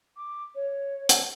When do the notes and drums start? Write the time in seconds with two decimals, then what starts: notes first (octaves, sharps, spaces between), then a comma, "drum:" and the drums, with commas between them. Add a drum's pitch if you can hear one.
0.17 D6
0.55 C#5
1.09 drum: hi-hat